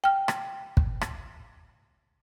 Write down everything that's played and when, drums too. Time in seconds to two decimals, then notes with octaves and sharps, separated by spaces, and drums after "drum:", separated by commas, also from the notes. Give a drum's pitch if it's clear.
0.04 G5 F6
0.28 drum: rim click
0.77 drum: kick
1.01 drum: rim click